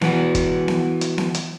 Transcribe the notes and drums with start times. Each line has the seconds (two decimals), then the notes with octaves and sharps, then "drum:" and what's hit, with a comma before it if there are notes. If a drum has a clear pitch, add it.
0.01 E3 B3 F#4, drum: snare B3
0.35 drum: kick, hi-hat
0.68 drum: snare B3
1.01 drum: hi-hat
1.18 drum: snare B3
1.34 drum: hi-hat